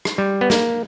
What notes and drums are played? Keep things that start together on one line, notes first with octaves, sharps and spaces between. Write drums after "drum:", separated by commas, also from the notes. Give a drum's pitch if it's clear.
drum: rim click
G3
B3
A#3, drum: snare